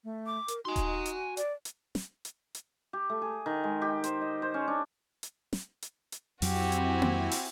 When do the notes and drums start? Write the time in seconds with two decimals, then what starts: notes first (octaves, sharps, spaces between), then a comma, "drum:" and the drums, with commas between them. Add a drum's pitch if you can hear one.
0.04 A3
0.26 D6
0.48 A#4, drum: hi-hat
0.65 D#4 F#4 G#5 C6
0.76 drum: kick D#1, hi-hat
1.06 drum: hi-hat
1.37 D5, drum: hi-hat
1.65 drum: hi-hat
1.95 drum: snare
2.25 drum: hi-hat
2.55 drum: hi-hat
2.93 G4
3.10 A3
3.22 G#4
3.46 D#3
3.64 G#3
3.82 G4
4.04 C5, drum: hi-hat
4.21 D#5
4.42 C5
4.54 C#4
4.68 D4
5.23 drum: hi-hat
5.53 drum: snare
5.82 drum: hi-hat
6.12 drum: hi-hat
6.42 F2 F#3 C4 E4 F#4 G4 G#5, drum: open hi-hat
6.72 drum: hi-hat
7.02 drum: tom A#3
7.31 drum: open hi-hat